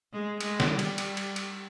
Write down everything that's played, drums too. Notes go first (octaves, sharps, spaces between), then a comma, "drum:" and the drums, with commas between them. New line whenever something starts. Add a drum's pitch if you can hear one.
G#3
G#3, drum: cymbal
drum: snare
G3
drum: cymbal
drum: cymbal
drum: cymbal
drum: cymbal